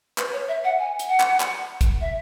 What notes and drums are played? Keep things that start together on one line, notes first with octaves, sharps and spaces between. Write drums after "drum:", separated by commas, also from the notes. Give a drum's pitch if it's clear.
B4, drum: clap
C#5
E5
F#5
G#5
drum: hi-hat
F#5
drum: clap
drum: clap
drum: kick, hi-hat
E5